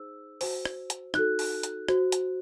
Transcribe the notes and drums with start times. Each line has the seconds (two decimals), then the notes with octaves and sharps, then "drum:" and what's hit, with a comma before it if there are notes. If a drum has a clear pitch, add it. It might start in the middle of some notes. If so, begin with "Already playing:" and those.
Already playing: D#4 G#4 C5 E6
0.41 F#4 C5, drum: open hi-hat
0.65 drum: rim click
0.90 drum: hi-hat
1.14 D#4 F#4 A4 F#6, drum: rim click
1.39 drum: open hi-hat
1.63 drum: hi-hat
1.88 F#4 C5, drum: rim click
2.12 drum: hi-hat